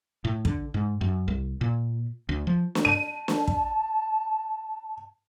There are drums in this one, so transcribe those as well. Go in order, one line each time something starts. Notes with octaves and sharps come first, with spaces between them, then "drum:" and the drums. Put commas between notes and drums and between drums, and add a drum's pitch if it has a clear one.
A2
D3, drum: kick
G#2
F#2
C2
A#2
D2
F3
drum: snare
A5 D#7
drum: snare
drum: kick